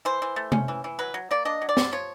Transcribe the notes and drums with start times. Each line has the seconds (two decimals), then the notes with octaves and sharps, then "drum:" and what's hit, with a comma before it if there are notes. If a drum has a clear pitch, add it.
0.05 E3 C5
0.22 E3
0.36 A3
0.52 C#4, drum: tom C3
0.68 E3
0.84 E3
0.99 F#3 B4
1.14 F#3
1.31 A#3 D5
1.45 D4 D#5
1.62 F#3
1.69 D5
1.77 F#3, drum: snare
1.92 F3 C#5